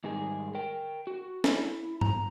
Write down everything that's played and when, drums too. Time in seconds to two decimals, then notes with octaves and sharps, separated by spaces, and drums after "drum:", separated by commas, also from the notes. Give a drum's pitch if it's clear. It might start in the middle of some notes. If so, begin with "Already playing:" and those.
0.04 G#2 D#3 G3 G#4
0.55 A#4 G5
1.07 F#4
1.44 E4, drum: snare
2.01 A#5, drum: tom G2